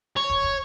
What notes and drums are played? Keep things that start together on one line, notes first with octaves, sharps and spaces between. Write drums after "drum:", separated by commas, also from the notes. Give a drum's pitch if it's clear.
C#5
drum: kick
drum: kick